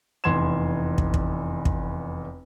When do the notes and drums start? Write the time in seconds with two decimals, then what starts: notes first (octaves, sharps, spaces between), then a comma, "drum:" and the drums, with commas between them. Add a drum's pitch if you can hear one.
0.24 F1 E2 C6 G#6 E7
0.98 drum: kick
1.14 drum: kick
1.65 drum: kick